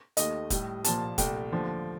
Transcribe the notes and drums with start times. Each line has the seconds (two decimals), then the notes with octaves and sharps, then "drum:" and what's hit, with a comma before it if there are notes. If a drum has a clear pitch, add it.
0.17 D#2 D#3 A3 D#5, drum: hi-hat
0.50 A2 G3, drum: kick, hi-hat
0.84 C2 A#2 F3 A5, drum: hi-hat
1.18 C2 A#2 A3 G5, drum: kick, hi-hat
1.52 D#2 D3 F3 A3